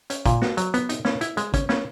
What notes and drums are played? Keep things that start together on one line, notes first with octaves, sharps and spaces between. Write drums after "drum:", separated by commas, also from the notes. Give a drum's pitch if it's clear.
C#4, drum: hi-hat
A#2, drum: kick, hi-hat
F#4, drum: snare
F#3, drum: hi-hat
B3, drum: hi-hat
D#4, drum: hi-hat
C#4, drum: snare
E4, drum: hi-hat
G#3, drum: hi-hat
C#4, drum: kick, hi-hat
C#4, drum: snare